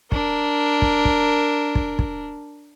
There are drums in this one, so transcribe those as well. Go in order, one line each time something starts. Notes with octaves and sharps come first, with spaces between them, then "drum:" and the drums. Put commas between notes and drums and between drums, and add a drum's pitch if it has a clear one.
D4 A#4, drum: kick
drum: kick
drum: kick
drum: kick
drum: kick